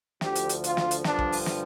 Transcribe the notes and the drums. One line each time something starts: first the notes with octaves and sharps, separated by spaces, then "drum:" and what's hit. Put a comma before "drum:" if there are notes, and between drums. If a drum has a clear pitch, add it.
D2 D3 F3 G4, drum: snare
drum: hi-hat
drum: hi-hat
F4, drum: hi-hat
drum: snare
drum: hi-hat
G2 D3 F3 D4, drum: snare
drum: kick
drum: open hi-hat
drum: snare